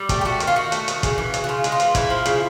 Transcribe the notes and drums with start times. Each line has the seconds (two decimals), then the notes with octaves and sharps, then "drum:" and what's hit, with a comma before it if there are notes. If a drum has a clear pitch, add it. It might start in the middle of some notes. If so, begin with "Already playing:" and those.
Already playing: G3
0.09 A3 G4, drum: kick, hi-hat
0.21 G4
0.25 A3 F#4
0.40 D#3, drum: hi-hat
0.47 F4
0.56 D#3 F#4
0.72 A3, drum: hi-hat
0.88 D#3, drum: hi-hat
1.03 C#3, drum: kick, hi-hat
1.18 E3
1.34 C#3, drum: hi-hat
1.44 F#4
1.49 C#3 F4
1.64 G#3, drum: hi-hat
1.72 F4
1.80 E3, drum: hi-hat
1.95 C#3 E4, drum: kick, hi-hat
2.10 F3
2.25 C#3, drum: hi-hat